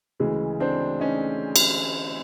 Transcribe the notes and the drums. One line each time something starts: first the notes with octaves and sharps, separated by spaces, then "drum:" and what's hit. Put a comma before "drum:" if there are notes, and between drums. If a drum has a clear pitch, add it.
D2 C#3 E3 G#3
C4 D4
C#4 D#4
drum: cymbal